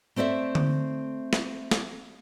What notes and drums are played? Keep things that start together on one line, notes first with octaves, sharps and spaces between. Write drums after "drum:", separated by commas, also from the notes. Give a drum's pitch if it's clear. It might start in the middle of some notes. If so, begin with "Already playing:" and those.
A3 C4 A4 D5 E5
drum: tom D3
drum: snare
drum: snare